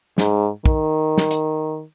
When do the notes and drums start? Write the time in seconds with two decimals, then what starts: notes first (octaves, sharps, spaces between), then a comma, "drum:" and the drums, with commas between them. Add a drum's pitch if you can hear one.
0.18 G#2, drum: snare
0.65 D#3, drum: kick
1.18 drum: snare
1.31 drum: hi-hat